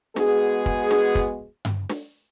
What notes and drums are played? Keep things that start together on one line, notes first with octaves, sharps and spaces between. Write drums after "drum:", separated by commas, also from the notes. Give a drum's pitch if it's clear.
G#3 B3 F#4 G#4, drum: snare
drum: kick
drum: snare
drum: kick
drum: tom G2
drum: snare